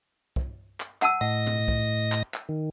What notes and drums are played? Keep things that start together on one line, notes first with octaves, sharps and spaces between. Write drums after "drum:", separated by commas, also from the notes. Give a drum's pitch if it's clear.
drum: kick
drum: clap
F#5 A5 E6, drum: clap
A2 D#5 F#5 A#6
drum: tom
drum: kick
drum: clap
drum: clap
D#3